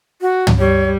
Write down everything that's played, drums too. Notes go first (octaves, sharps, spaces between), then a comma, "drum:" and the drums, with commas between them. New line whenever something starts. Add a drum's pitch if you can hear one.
F#4
drum: tom
G3 C#5